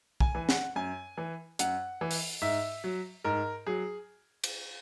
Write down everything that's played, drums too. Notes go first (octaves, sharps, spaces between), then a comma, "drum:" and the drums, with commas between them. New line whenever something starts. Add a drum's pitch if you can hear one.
G#5, drum: kick
E3
F#5, drum: snare
F#2 G#5
E3
F#2 F#5, drum: hi-hat
E3
drum: open hi-hat
G#2 E5
F#3
G#2 A#4
F#3 G#4
drum: cymbal